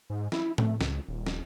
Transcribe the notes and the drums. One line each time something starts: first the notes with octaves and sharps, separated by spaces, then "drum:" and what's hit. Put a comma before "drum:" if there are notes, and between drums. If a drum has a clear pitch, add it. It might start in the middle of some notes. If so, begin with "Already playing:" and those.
G#2
E4, drum: snare
A3, drum: tom A2
C#2, drum: snare
D#1
drum: snare